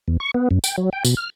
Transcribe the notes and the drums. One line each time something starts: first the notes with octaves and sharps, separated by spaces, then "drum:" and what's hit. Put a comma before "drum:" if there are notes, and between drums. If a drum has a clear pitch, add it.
E2
C#6
B3
F#2
G5, drum: tambourine
F#3
G5
B2, drum: tambourine
F6